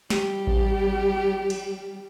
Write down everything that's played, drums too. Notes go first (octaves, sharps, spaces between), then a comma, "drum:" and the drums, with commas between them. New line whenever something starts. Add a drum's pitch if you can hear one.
G3 G4, drum: snare
drum: kick A1
drum: cymbal